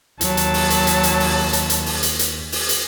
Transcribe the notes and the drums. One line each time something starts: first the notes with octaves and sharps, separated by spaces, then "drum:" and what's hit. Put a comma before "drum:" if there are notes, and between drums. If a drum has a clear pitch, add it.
D#2 F#3 A5, drum: hi-hat
drum: hi-hat
drum: open hi-hat
drum: hi-hat
drum: hi-hat
drum: hi-hat
drum: open hi-hat
drum: hi-hat
drum: hi-hat
drum: open hi-hat
drum: hi-hat
drum: hi-hat
drum: open hi-hat
drum: hi-hat